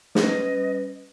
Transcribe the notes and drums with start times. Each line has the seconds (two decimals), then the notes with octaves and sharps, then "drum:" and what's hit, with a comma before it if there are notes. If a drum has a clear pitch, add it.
0.15 G3 C#4 B4 D#5, drum: snare